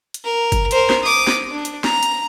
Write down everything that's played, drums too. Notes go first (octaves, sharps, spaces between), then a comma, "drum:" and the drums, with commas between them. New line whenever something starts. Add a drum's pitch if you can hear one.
drum: hi-hat
A#4
drum: kick G1, hi-hat
A#4 C5, drum: hi-hat
drum: snare
D6 D#6
drum: snare
D4
drum: hi-hat
A#5, drum: snare
drum: hi-hat